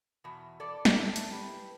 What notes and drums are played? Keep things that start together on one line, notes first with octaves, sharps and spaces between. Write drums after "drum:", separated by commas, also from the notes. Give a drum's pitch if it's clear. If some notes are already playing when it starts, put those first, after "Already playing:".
E2 B2
A4 D5
G4, drum: snare
E4 A4
drum: hi-hat
G4 B4